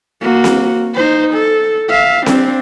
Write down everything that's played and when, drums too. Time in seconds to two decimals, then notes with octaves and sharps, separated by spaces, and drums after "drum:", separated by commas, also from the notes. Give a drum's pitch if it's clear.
0.21 A#3 F#4
0.44 drum: snare C4
0.95 D#4 C5
1.33 A4
1.89 E5 F5
2.26 C4 D4, drum: snare C4